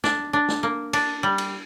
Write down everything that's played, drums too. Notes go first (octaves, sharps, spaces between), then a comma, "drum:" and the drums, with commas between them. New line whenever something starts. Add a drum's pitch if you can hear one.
D4, drum: snare
D4
drum: snare
A#3
D4, drum: cymbal
G3
drum: cymbal